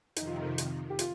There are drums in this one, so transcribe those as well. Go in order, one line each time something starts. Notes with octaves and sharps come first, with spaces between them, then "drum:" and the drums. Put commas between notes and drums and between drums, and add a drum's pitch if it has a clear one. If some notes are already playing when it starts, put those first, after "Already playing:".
F2 C3 D#3 D#4, drum: hi-hat
F4
D#4
drum: hi-hat
G4
F4, drum: hi-hat